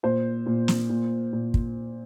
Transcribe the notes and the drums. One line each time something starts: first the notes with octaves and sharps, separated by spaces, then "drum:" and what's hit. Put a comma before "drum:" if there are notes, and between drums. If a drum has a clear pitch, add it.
A#2 C5
A#2
drum: snare
A#2
A#2
drum: kick